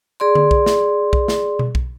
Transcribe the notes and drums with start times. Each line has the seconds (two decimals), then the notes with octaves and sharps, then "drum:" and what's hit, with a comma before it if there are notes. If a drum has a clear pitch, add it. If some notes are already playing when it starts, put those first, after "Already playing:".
0.20 G#4 D5 C6
0.35 drum: tom D3
0.51 drum: kick B1
0.66 drum: snare
1.13 drum: kick B1
1.28 drum: snare
1.59 drum: tom B2
1.75 drum: kick B1